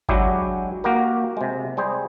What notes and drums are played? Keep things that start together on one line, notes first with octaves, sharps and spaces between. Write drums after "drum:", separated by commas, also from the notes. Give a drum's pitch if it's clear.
F#3 G#3 D4 E4 F#4 G4, drum: kick G#1
A#3 F#4 G4 A#4
C3 G#3
G3 G#4 C5